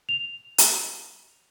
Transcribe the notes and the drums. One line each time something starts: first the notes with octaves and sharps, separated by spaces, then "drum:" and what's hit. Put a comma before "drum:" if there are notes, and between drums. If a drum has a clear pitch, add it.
F7
drum: hi-hat